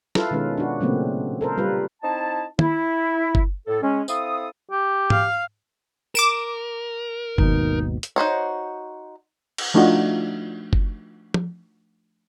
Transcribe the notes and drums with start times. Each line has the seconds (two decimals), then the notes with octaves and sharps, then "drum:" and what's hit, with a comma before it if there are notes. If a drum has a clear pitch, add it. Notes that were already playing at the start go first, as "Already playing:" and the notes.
0.15 E4 F4 A4 B4 F5, drum: snare
0.31 B2 D#3 G#3 C#4 B4
0.58 D4 F#4
0.80 A#2 C#3 F#3 A3 A#3 C4
1.41 A4 A#4 C5
1.57 G3 F4 B4
2.03 C4 D#4 E4 A5
2.59 E4, drum: tom
3.35 drum: kick F#1
3.67 A2 A4
3.81 G#3 C#4
4.08 C4 E4 A4 F5 D#6, drum: tambourine
4.71 G4
5.10 F5, drum: tom G#2
6.15 A#4 D6 D7 E7
7.38 G#1 D#2 B2 D#4, drum: kick F#1
8.03 drum: hi-hat
8.16 D#4 F#4 C5 C#5
9.58 drum: cymbal
9.74 F3 A3 D4 D#4 F4 F#4
10.73 drum: kick F#1
11.34 drum: tom